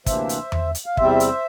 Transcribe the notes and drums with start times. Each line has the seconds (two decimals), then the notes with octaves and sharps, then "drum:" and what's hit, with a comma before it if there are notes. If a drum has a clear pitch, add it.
0.06 D2 C3 E3 A#3 D4 C5 E5, drum: kick, hi-hat
0.29 drum: hi-hat
0.52 drum: tom E2
0.75 drum: hi-hat
0.86 F5
0.97 E2 C3 G3 C4 C5 E5, drum: kick
1.20 drum: hi-hat